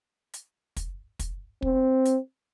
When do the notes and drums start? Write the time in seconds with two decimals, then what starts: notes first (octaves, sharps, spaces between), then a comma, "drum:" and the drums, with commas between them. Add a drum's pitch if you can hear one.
0.34 drum: hi-hat
0.76 drum: kick, hi-hat
1.19 drum: kick, hi-hat
1.62 C4, drum: kick
2.05 drum: hi-hat